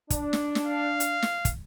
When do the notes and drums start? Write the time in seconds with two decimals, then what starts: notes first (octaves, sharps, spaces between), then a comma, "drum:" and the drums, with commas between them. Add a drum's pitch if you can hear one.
0.10 D4, drum: kick, hi-hat
0.33 drum: snare
0.55 drum: snare
0.66 F5
1.00 drum: hi-hat
1.22 drum: snare
1.45 drum: kick, hi-hat